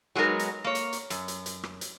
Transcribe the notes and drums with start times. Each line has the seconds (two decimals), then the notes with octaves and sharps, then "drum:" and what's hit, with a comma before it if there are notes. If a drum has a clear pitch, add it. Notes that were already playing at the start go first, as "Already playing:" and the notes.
0.15 F#3 G#3 B3 D#4 A#4
0.39 drum: hi-hat
0.64 A#3 C#5
0.75 drum: hi-hat
0.93 drum: hi-hat
1.10 F#2, drum: hi-hat
1.28 drum: hi-hat
1.46 drum: hi-hat
1.63 drum: rim click
1.81 drum: hi-hat